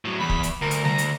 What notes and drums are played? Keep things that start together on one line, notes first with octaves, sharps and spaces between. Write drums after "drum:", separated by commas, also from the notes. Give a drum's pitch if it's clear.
A2 F#3
E2 B5
drum: kick
drum: hi-hat
D2 A#4
drum: hi-hat
A#5, drum: snare G3
drum: hi-hat